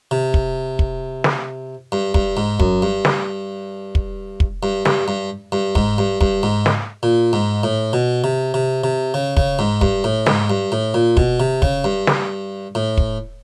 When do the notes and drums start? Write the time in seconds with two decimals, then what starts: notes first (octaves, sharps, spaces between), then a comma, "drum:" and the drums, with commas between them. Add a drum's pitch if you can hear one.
0.11 C3
0.34 drum: kick
0.79 drum: kick
1.24 drum: snare
1.92 G2
2.14 G2, drum: kick
2.37 G#2
2.60 F#2, drum: kick
2.82 G2
3.05 drum: snare
3.95 drum: kick
4.40 drum: kick
4.63 G2
4.85 G2, drum: snare
5.08 G2
5.52 G2
5.75 G#2, drum: kick
5.98 G2
6.21 G2, drum: kick
6.43 G#2
6.66 drum: snare
7.03 A#2
7.33 G#2
7.63 A2
7.93 B2
8.24 C3
8.54 C3
8.84 C3
9.14 C#3
9.37 C#3, drum: kick
9.59 G#2
9.81 G2, drum: kick
10.04 A2
10.27 G#2, drum: snare
10.50 G2
10.72 A2
10.94 A#2
11.17 B2, drum: kick
11.40 C3
11.62 C#3, drum: kick
11.84 G2
12.07 drum: snare
12.75 A2
12.98 drum: kick